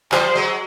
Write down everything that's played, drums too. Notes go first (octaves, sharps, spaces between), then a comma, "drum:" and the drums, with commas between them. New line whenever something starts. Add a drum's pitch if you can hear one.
F3 G3 C5, drum: clap
F#3 G#3